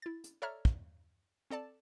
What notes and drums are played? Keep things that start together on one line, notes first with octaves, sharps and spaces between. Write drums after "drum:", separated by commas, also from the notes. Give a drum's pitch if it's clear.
E4 A6
drum: hi-hat
A4 C#5 D5 E5 A#5 F6
drum: kick
C4 A4 D5 A5